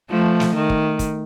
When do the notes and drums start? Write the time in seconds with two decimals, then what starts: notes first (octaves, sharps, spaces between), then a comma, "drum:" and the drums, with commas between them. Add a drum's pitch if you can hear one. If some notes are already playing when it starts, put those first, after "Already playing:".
0.10 F3 A3
0.40 drum: snare
0.55 D#3
0.70 drum: kick
0.99 drum: kick, hi-hat